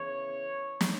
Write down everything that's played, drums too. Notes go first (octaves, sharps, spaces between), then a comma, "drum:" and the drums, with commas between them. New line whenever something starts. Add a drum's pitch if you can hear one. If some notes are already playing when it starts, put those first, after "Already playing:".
Already playing: E2 C#3 E3 C#5
drum: snare